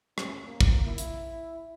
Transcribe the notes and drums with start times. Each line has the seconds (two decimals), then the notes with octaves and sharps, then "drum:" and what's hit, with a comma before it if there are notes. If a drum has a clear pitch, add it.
0.18 C#4, drum: rim click
0.47 A#3
0.61 drum: kick
0.86 E4
0.98 drum: hi-hat